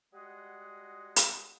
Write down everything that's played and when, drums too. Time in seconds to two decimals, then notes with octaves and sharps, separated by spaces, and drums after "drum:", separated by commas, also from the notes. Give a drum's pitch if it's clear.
0.13 G3 G#3 F#4 G#4 D#5 F#5
1.16 drum: hi-hat